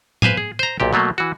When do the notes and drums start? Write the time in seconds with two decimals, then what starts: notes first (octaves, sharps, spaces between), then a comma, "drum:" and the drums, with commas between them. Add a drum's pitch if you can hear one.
0.22 B4 C5 F5 G#5, drum: tom A2
0.37 G#4
0.59 C5 A#5
0.80 B1 A#2 G4
0.93 B2 F#3 A3 A#3
1.18 E3 F#4